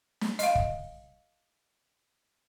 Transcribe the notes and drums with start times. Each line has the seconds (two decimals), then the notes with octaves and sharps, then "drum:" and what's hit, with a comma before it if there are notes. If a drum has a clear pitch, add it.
0.21 drum: snare
0.39 D#5 F5, drum: hi-hat
0.55 drum: kick